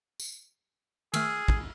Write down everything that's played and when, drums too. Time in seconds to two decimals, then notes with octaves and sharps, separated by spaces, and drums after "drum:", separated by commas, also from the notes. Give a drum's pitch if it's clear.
0.20 drum: tambourine
1.14 D#3 A3 G#4 E6 F6, drum: cymbal
1.48 drum: kick